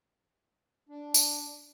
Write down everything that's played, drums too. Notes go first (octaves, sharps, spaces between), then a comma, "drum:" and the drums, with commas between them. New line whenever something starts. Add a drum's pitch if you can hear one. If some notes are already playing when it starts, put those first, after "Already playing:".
D4
drum: tambourine